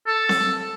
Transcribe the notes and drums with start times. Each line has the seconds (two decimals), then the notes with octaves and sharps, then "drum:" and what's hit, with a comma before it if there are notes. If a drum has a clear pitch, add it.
0.07 A4
0.29 drum: snare C4